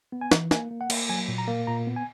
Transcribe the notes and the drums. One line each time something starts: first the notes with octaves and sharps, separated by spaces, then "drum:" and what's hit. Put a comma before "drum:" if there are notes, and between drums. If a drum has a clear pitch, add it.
B3
G#5
E3, drum: snare
A#3 G#5, drum: snare
A#3
F#5
A#3, drum: cymbal
F#3 G#5
A#2
A#5
A#3
A#2 A#5
B3
G#5